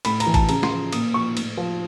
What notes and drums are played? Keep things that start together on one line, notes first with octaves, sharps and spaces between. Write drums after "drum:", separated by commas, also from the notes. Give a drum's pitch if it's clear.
A2 B5, drum: cymbal
A#5, drum: cymbal
E3
A5, drum: kick A1, cymbal
C#3 A#5, drum: cymbal
C6, drum: snare
F3
A#2 D#6, drum: cymbal
F3 C#6
A2, drum: cymbal
F3